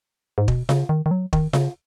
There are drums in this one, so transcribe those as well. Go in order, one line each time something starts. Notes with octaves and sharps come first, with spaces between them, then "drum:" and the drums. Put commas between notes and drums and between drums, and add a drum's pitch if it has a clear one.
G#2
B2, drum: kick
C#3, drum: snare F4
D#3
D#3
F#3
D#3, drum: kick
C#3, drum: snare F4